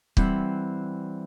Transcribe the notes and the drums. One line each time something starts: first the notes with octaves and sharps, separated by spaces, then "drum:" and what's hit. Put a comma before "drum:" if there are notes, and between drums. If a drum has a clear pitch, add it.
E3 G3 C4 F#5 F#6, drum: kick